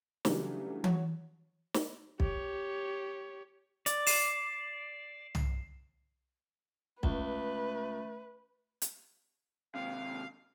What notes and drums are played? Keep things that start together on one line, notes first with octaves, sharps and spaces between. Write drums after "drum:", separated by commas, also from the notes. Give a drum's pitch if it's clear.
C#3 E3 F#3 G3 A3 D4, drum: snare
F#4 C#5, drum: tom E3
drum: snare
G4 C#5, drum: kick
D5, drum: hi-hat
C7 E7, drum: open hi-hat
drum: tom
C#2 A3 B4, drum: kick
drum: hi-hat
D#2 C3 F5